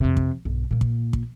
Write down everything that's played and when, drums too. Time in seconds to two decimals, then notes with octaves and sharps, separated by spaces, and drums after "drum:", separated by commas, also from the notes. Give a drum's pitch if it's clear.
0.01 F2 C3
0.17 drum: kick
0.45 B1 G2
0.71 A#2 A#3
0.81 drum: kick
1.13 drum: kick